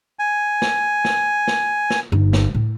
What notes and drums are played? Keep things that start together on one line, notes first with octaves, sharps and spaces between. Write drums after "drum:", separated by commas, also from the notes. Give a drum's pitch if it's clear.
G#5
drum: snare
drum: snare
drum: snare
drum: snare
G1 D#4
drum: snare
A2